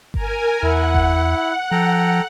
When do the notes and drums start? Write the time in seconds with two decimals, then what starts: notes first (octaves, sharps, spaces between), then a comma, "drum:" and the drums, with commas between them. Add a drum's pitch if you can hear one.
0.14 A#4 G#5, drum: kick G1
0.63 E2 E4 F#5
0.94 drum: kick G1
1.71 F3 A4 G5 A#5